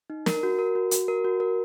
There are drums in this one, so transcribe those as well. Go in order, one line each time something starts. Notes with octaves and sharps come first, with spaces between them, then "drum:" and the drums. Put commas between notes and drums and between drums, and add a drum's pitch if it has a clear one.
D#4
A#4, drum: snare
F#4
A#4
F#4
F#4, drum: hi-hat
A#4
F#4
A#4